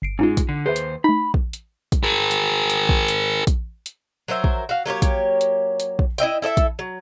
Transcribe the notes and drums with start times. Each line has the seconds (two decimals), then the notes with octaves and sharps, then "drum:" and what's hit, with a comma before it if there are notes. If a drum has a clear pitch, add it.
0.02 G1 C7 D7
0.19 G#2 G#3 C#4 D#4 F4
0.37 drum: kick, hi-hat
0.49 D3
0.66 D#2 G#4 B4 C5 E5
0.76 drum: hi-hat
1.04 A3 D#4 B5
1.34 drum: kick
1.53 drum: hi-hat
1.92 drum: kick, hi-hat
2.03 G#4 A#4
2.31 drum: hi-hat
2.70 drum: hi-hat
2.89 drum: kick
3.08 drum: hi-hat
3.47 drum: kick, hi-hat
3.86 drum: hi-hat
4.28 F#3 A#4 C5 E5
4.44 drum: kick
4.69 F#4 F5
4.86 F#3 A#3 G4 C#5
5.02 drum: kick, hi-hat
5.41 drum: hi-hat
5.80 drum: hi-hat
5.99 drum: kick
6.18 E4 D#5 E5 G5, drum: hi-hat
6.42 E4 A4 D#5 E5
6.57 drum: kick, hi-hat
6.79 F#3